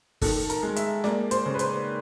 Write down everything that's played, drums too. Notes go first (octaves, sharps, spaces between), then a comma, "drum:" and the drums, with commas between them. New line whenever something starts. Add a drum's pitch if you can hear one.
D#3 A4, drum: kick G1, open hi-hat
A#4, drum: hi-hat
G#3
E5, drum: hi-hat
A#3 D5, drum: snare
C5, drum: hi-hat
C#3
B4
C5, drum: hi-hat